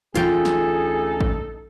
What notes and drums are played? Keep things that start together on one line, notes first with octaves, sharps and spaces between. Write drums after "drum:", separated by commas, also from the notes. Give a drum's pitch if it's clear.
D2 E3 C#4 D#4 F4 G#4 A4 G5, drum: hi-hat
drum: snare
drum: kick A1